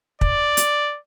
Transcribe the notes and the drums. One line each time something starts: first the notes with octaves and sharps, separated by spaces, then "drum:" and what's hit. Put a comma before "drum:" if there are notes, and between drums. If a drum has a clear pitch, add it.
D5, drum: kick
drum: hi-hat